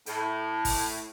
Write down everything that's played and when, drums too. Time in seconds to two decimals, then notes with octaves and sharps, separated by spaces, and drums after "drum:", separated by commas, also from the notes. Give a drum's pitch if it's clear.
0.06 A2, drum: hi-hat
0.65 drum: kick, open hi-hat